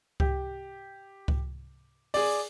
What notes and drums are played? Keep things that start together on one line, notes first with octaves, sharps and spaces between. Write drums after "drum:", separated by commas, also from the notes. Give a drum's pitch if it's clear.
G4, drum: kick C#2
drum: kick C#2
G#4 D5, drum: open hi-hat